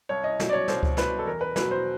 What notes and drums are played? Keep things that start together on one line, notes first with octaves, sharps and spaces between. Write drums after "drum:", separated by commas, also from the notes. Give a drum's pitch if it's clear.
C2 C#5
D#5
B2 F#3, drum: snare
D5
C#5
C2 C5, drum: snare
drum: kick C#2
B2 F#3 B4, drum: snare
A4
E2 A#4
B4
B2 F#3 B4, drum: snare
C5